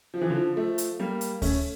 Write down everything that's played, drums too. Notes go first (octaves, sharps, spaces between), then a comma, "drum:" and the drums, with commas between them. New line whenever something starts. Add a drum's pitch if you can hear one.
F3
E3
D3 F3
F3 A3
drum: hi-hat
G3 A#3
drum: hi-hat
A3 C#4, drum: kick D2, open hi-hat